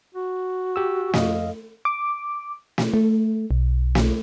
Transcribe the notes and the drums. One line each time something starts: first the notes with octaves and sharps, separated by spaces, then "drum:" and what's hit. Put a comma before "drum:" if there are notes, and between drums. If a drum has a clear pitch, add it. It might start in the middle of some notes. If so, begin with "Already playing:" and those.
F#4
G4 E6
F2 D#5 F5, drum: snare
D6
drum: snare
A3
B1
drum: snare